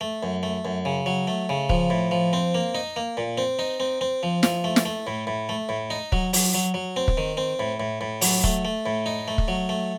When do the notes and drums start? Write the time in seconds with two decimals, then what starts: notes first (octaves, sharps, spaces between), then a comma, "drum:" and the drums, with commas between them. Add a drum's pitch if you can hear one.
0.01 A3
0.23 F#2
0.43 A3
0.65 F#2
0.85 C#3
1.06 F#3
1.28 A3
1.49 C#3
1.69 F3, drum: kick
1.90 A2
2.11 F3
2.33 C4
2.54 A#3
2.75 D#4
2.96 A#3
3.17 A#2
3.38 C4
3.59 D#4
3.80 C4
4.01 C4
4.23 F3
4.43 F3, drum: snare
4.64 A3
4.76 drum: snare
4.85 A3
5.07 A2
5.27 A2
5.49 A3
5.69 A2
5.90 D#4
6.12 F#3, drum: kick
6.33 F#3, drum: open hi-hat
6.54 F#3
6.74 F#3
6.96 C4
7.08 drum: kick
7.17 D#3
7.37 C4
7.59 A2
7.80 A2
8.01 A2
8.21 F#3, drum: open hi-hat
8.44 A3, drum: kick
8.65 A3
8.86 A2
9.06 D#4
9.28 A3
9.38 drum: kick
9.48 F#3
9.69 A3